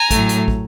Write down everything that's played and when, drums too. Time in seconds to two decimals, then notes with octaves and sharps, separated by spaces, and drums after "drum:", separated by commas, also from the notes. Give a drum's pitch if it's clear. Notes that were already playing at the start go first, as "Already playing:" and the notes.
Already playing: G#5 A#5
0.11 A2 F#3 A3, drum: kick, hi-hat
0.29 drum: hi-hat
0.48 drum: kick